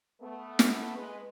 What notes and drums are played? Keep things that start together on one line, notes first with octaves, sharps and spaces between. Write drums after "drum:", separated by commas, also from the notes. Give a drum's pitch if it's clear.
A3 B3
drum: snare
G#3 B4